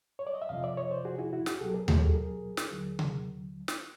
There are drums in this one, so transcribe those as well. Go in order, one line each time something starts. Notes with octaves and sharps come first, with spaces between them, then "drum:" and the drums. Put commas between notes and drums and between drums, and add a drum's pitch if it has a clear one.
C#5
D5
D#5
E5
F2 C3 F3 D#5 F5
D5 E5
C#5 D#5
C5 D5
F#4 G#4
E4 F#4
E4 F#4
F#4 G#4, drum: snare
C2 B2 F#3 G4 A4
G#4 A#4
F#4 G#4, drum: tom D#2
G4 A4
G#4 A#4
drum: snare
D#2 D3 F#3
drum: tom C3
drum: snare